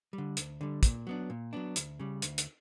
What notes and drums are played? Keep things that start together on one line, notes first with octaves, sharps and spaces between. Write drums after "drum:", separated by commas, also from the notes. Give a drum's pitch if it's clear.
G3
D3
D2, drum: hi-hat
D3 G3
A#2, drum: kick, hi-hat
F#3 B3 D4
A#2
F#3 B3 D4
D2, drum: hi-hat
C#3 G3
D2, drum: hi-hat
drum: hi-hat